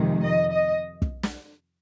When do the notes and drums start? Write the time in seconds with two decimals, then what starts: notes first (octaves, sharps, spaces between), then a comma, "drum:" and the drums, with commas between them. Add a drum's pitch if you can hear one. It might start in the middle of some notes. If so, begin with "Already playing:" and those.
Already playing: F2 C3 D#3 G#3
0.23 D#5
0.51 D#5
1.02 drum: kick
1.23 drum: snare